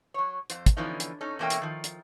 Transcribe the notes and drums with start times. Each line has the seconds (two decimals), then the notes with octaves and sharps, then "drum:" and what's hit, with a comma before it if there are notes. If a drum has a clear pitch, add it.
0.14 F#3 C#5
0.50 F2 C5, drum: hi-hat
0.66 drum: kick, hi-hat
0.77 D3 E3 F3 B3 C#4 D#4
1.00 drum: hi-hat
1.21 C#4 D#4 A4
1.39 E2 B2 A#3 C#4 A4 G5
1.50 drum: hi-hat
1.62 D#3 F3
1.84 drum: hi-hat